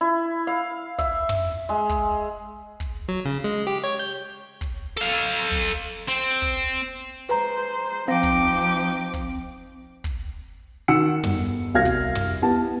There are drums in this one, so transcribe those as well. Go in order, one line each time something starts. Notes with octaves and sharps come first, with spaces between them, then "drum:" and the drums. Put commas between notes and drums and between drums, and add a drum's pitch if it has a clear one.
E4
F5
E5, drum: kick, hi-hat
drum: tom
G#3
drum: kick, hi-hat
drum: kick, hi-hat
F#3
C#3
G#3
G4
C#5
G6
drum: kick, hi-hat
A4 F5
drum: kick, hi-hat
C4
drum: kick, hi-hat
G#3 B4 C5 A#5
F3 C4 D#4 F5 G5 D6 A#6
drum: kick, hi-hat
drum: kick, hi-hat
drum: kick, hi-hat
D#3 F#4 F#5 E6 C#7
G1, drum: tom
C2 F#4 F5 F6 G#6 A#6
drum: kick, hi-hat
drum: tom
B3 E4 G4 A5